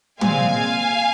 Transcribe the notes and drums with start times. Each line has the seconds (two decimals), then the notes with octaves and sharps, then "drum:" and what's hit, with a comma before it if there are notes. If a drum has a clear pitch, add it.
0.21 A#2 G#3 C4 F5 G#5, drum: tom